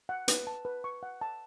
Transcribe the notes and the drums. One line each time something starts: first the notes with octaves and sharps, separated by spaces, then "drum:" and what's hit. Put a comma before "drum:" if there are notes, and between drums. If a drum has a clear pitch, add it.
F#5
B4, drum: hi-hat
A5
B4
C#6
F#5
A5